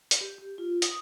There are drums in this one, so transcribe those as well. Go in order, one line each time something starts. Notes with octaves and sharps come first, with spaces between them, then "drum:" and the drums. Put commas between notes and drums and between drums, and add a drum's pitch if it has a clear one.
drum: hi-hat
G4
G4
F4
D#6, drum: hi-hat